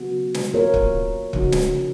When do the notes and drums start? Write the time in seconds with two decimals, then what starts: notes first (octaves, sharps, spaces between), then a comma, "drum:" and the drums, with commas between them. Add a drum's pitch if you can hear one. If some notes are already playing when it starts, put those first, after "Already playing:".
Already playing: C#3 F#3 B3 F#4
0.34 drum: snare
0.54 A#3 F4 A#4 C#5
0.74 drum: kick
1.33 C#3 F3 A#3 D#4 F#4, drum: kick
1.52 drum: snare